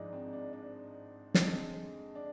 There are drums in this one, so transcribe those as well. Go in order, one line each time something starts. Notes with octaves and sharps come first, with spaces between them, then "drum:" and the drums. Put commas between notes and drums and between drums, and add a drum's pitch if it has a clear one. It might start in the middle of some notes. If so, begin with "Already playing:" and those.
Already playing: G#1 G#2 F3 G#3 D4 D#4
C4
D4
D4
F2 D3 G#3 C4, drum: snare
D4